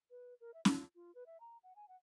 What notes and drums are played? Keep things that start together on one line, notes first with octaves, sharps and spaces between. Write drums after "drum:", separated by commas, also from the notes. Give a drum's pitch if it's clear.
B4
A#4
E5
F4, drum: snare
F4
B4
E5
A#5
F#5
G#5
F#5